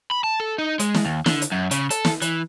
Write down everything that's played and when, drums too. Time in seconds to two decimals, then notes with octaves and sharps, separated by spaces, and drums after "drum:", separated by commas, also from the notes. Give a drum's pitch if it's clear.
0.11 B5
0.24 A5
0.40 A4
0.58 D#4
0.80 G#3, drum: hi-hat
0.94 drum: snare
1.05 D#2
1.26 D3, drum: snare
1.42 drum: hi-hat
1.52 F#2
1.71 C#3, drum: hi-hat
1.90 A4, drum: hi-hat
2.05 drum: snare
2.22 E3, drum: hi-hat